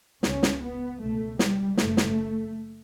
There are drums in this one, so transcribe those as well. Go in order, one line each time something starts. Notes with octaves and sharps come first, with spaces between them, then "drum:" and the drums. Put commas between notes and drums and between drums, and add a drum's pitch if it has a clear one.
C#2 C#3 C#4, drum: snare
drum: snare
B3
C#2 B2 A3
G3, drum: snare
F#1 F#2 C#3 A3, drum: snare
drum: snare